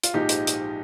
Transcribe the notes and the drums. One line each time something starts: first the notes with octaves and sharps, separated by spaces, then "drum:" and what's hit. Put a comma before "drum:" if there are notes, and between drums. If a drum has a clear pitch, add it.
F4, drum: hi-hat
A#1 G#2 F3 G#3 D#4 G4
drum: hi-hat
drum: hi-hat